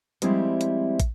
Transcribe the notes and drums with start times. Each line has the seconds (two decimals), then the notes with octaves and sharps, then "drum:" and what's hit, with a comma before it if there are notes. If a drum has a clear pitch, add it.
0.22 F3 G3 G#3 C4 E4, drum: hi-hat
0.61 drum: hi-hat
1.00 drum: kick, hi-hat